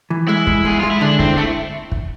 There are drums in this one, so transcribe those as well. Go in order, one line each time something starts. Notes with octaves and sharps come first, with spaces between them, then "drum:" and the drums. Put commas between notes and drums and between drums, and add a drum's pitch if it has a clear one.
E3
G#3 E4
G#3, drum: kick
G#3 G#4
G#3 F4
E4
D3 D4
C4 E4, drum: kick
A3 E4
drum: kick